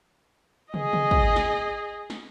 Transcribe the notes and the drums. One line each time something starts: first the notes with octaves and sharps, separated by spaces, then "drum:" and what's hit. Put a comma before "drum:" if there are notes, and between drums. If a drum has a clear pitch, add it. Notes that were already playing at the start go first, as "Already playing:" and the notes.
G#4 D#5, drum: tom
drum: tom
drum: kick
drum: snare
drum: snare